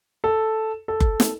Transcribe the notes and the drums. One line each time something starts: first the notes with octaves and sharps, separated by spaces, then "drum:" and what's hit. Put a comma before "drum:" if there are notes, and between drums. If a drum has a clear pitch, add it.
A4
A4
drum: kick F#1
drum: snare